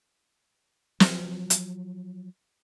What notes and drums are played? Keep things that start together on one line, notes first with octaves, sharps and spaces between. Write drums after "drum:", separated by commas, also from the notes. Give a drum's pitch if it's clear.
F3 F#3, drum: snare
drum: hi-hat